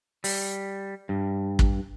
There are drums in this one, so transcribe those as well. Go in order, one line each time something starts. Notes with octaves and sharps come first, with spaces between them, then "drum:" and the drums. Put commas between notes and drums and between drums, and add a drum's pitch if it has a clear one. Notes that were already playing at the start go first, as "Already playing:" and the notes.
G3, drum: open hi-hat
G2
drum: kick